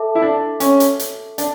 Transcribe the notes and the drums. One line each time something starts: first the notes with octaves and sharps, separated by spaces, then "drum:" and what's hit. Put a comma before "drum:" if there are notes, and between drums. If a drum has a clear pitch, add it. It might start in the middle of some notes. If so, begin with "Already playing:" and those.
Already playing: A4 E5 A5 D6
E4
D4
C#4, drum: hi-hat
drum: hi-hat
drum: hi-hat
D4, drum: hi-hat